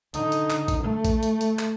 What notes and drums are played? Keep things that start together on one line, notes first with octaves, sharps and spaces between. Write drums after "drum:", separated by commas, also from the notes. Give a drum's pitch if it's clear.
D3 D#4, drum: hi-hat
drum: hi-hat
drum: clap
drum: kick, hi-hat
A3
drum: kick, hi-hat
drum: hi-hat
drum: hi-hat
drum: clap